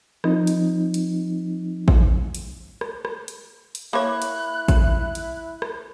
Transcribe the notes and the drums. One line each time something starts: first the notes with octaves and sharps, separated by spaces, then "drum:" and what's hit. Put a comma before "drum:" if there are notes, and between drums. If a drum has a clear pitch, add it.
F3 C4 D#4, drum: rim click
drum: hi-hat
drum: hi-hat
drum: kick A1
drum: hi-hat
drum: rim click
drum: rim click
drum: hi-hat
drum: hi-hat
A#3 E4 C#5 B5 F#6
drum: hi-hat
drum: kick A1, hi-hat
drum: hi-hat
drum: rim click